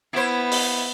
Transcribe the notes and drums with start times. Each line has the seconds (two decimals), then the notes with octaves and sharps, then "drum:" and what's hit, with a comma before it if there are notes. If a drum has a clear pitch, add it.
0.13 B3 E4 C5
0.52 drum: open hi-hat